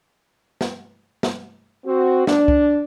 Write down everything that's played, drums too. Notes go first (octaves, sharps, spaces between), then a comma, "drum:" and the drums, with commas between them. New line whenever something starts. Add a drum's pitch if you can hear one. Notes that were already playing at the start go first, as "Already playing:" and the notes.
drum: snare
drum: snare
C4 F#4
D4, drum: snare
drum: kick